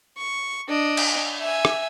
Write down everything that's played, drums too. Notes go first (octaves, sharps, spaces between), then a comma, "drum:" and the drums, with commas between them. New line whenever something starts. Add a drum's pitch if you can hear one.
C#6
D4 D#5
drum: cymbal
E5 G#5
drum: rim click